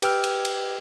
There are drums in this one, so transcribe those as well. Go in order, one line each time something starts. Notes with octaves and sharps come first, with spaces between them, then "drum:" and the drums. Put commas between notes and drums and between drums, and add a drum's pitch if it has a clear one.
G4 B4 G5 E6 F6, drum: cymbal
drum: cymbal
drum: cymbal